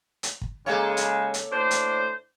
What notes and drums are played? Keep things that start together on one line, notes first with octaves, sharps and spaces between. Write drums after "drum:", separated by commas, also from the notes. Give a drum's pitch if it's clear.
drum: hi-hat
drum: kick
C#3 G#3 A#3 A4 C#5
drum: hi-hat
drum: hi-hat
A2 D4 C5
drum: hi-hat